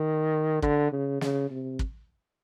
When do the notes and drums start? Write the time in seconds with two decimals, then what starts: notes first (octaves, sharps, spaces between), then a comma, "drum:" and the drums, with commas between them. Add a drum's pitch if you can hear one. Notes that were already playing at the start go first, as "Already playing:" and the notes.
Already playing: D#3
0.62 D3, drum: kick
0.92 C#3
1.21 C#3, drum: snare
1.50 C3
1.79 drum: kick